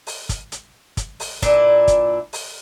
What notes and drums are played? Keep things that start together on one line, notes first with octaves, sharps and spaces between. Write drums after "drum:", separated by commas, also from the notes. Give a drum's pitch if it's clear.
drum: open hi-hat
drum: kick, hi-hat
drum: hi-hat
drum: kick, hi-hat
drum: open hi-hat
A#2 D4 E4, drum: kick, hi-hat
drum: kick, hi-hat
drum: open hi-hat